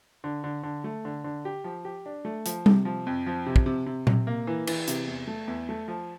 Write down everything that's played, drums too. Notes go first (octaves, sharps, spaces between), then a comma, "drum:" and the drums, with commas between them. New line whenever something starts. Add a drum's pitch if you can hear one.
D3
D3
D3
A3
D3
D3
G4
F3
G4
D4
A3
F3, drum: hi-hat
C3, drum: tom G3
F3
F2
F3
C3
drum: kick
C3
C3
C3, drum: tom A#2
A#3
E3
E3, drum: cymbal
C3, drum: hi-hat
E2
A3
E2
A3
F3